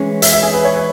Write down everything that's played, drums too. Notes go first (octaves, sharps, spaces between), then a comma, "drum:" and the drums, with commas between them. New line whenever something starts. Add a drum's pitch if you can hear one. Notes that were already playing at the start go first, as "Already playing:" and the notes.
Already playing: E3 G#3 C#4
E5, drum: hi-hat
E5
G#4
B4
C#5
B4